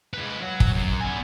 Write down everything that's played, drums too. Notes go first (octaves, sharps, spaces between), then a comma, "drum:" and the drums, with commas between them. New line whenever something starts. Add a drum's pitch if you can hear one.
G#3 B4
F#3
drum: kick
F#2
B3 G#5